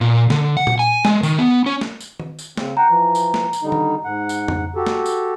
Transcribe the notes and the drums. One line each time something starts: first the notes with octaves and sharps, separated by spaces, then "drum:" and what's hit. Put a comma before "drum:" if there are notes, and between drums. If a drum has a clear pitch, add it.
A#2
D3, drum: snare
F#5
drum: tom A#2
G#5
G#3, drum: snare
D#3, drum: tambourine
B3
C#4
drum: snare
drum: tambourine
drum: tom D#3
drum: tambourine
C#3 C4, drum: snare
F#5 G5 A#5
E3 F3
drum: tambourine
drum: snare
drum: tambourine
D3 G3 D#4
drum: tom D#3
G#2 F#5
drum: tambourine
drum: tom F2
F#4 G4 A4
drum: snare
drum: tambourine